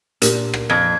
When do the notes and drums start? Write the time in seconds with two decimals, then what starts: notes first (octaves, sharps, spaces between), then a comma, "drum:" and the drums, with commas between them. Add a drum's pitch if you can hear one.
0.22 A#2 D4 G4 A#4, drum: hi-hat
0.54 drum: rim click
0.70 F2 G#6